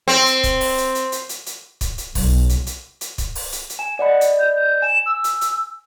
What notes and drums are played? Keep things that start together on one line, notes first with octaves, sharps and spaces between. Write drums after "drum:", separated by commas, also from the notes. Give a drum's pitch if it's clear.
C4
drum: hi-hat
drum: kick C#1, hi-hat
drum: open hi-hat
drum: hi-hat
drum: hi-hat
drum: hi-hat
drum: hi-hat
drum: hi-hat
drum: kick C#1, hi-hat
drum: hi-hat
B1, drum: kick C#1, open hi-hat
drum: hi-hat
drum: hi-hat
drum: hi-hat
drum: kick C#1, hi-hat
drum: open hi-hat
drum: hi-hat
drum: hi-hat
G#5 E7
D5 D#5 F#5 B5
drum: hi-hat
G6
G6
G#5 E7
E6
drum: hi-hat
drum: hi-hat